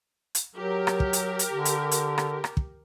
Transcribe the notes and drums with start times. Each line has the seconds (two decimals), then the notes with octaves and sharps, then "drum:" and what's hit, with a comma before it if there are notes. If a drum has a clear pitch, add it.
0.35 drum: hi-hat
0.55 F#3 G4 A#4
0.87 drum: rim click
1.00 drum: kick
1.13 drum: hi-hat
1.39 drum: hi-hat
1.52 D3
1.65 drum: hi-hat
1.91 drum: hi-hat
2.18 drum: rim click
2.44 drum: rim click
2.57 drum: kick